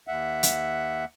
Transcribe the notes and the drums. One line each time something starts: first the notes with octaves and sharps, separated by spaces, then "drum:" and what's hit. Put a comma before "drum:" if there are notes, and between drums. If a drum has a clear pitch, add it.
D#2 E5 F#5
drum: hi-hat